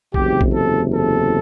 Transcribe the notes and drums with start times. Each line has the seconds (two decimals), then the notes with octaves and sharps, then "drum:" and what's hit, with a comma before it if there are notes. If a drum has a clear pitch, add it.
0.14 F#1 E2 C3 G4, drum: kick A#1
0.41 drum: kick A#1
0.54 A4
0.93 A4